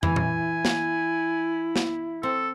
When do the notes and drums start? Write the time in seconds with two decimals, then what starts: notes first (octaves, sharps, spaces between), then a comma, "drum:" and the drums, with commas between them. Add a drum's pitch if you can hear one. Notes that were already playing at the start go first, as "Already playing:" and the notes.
0.03 E3 E4 G#5, drum: tom
0.16 drum: tom A#2
0.65 drum: snare
1.76 drum: snare
2.23 C4 A4